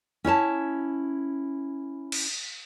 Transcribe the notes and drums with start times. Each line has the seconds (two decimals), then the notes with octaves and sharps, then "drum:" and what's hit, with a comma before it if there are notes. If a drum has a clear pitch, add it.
0.25 C#4 E4 C#5 A5
2.12 drum: cymbal